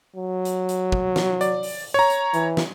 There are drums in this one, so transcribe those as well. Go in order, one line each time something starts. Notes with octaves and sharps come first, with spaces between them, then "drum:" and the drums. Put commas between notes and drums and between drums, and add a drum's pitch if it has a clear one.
F#3
drum: hi-hat
drum: hi-hat
drum: kick
drum: snare
D5, drum: hi-hat
drum: open hi-hat
C#5 A#5
drum: hi-hat
E3, drum: hi-hat
drum: snare